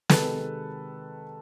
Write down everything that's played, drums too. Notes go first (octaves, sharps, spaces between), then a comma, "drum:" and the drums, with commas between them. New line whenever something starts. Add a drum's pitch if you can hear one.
C3 D#3 G#3 A4 B4, drum: snare